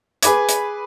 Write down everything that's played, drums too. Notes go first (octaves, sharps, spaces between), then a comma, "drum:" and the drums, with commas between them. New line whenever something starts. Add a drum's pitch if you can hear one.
G#4 B4 D6 G#6, drum: hi-hat
drum: hi-hat